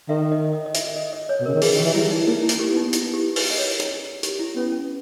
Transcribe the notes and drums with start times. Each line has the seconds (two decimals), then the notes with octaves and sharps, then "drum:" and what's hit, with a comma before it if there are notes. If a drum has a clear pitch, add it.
0.09 D#3 E5
0.32 D#5
0.53 D#5
0.66 D#5
0.74 E5, drum: hi-hat
0.96 D#5
1.13 D#5
1.29 C#5
1.40 B2
1.46 C#3 A#4
1.54 D#3
1.62 E3 G#4, drum: open hi-hat
1.74 D#3 G4
1.84 E3
1.94 G3 E4
2.11 D#4
2.27 A#3 D#4
2.43 E4
2.49 A#3, drum: hi-hat
2.59 G4
2.71 B3
2.76 D#4
2.93 E4, drum: hi-hat
3.14 G4
3.36 B4, drum: open hi-hat
3.50 D#5
3.58 C#5
3.80 drum: hi-hat
4.23 G4, drum: hi-hat
4.39 E4
4.56 B3 C#4
4.72 C#4